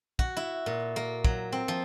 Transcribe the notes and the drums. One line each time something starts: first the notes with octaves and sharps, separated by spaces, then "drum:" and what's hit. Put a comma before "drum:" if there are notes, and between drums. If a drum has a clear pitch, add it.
F#4, drum: kick
E4
A#2
A#3
F#3, drum: kick
C4
F3